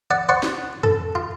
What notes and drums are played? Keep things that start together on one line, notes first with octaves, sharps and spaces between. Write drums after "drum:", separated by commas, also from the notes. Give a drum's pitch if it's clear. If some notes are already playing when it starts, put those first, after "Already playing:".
D5 F#5
C5 D5 F#5 C#6
drum: snare
A4, drum: tom F2
F4